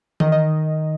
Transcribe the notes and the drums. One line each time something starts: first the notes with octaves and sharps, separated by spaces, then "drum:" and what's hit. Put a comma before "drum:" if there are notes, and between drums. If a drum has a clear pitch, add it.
D#3 D#5, drum: tom E3
D#5